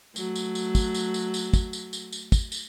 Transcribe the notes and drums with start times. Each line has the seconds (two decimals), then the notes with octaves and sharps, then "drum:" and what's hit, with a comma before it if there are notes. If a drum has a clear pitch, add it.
0.16 F#3 A3, drum: tambourine
0.36 drum: tambourine
0.55 drum: tambourine
0.75 drum: kick, tambourine
0.95 drum: tambourine
1.14 drum: tambourine
1.34 drum: tambourine
1.53 drum: kick, tambourine
1.73 drum: tambourine
1.93 drum: tambourine
2.12 drum: tambourine
2.32 drum: kick, tambourine
2.52 drum: tambourine